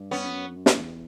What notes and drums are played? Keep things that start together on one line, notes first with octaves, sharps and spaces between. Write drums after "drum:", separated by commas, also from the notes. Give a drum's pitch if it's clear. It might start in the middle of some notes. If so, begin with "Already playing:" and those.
Already playing: G2
B3 C#4
F2
F#2
F2
F#2
drum: snare
E2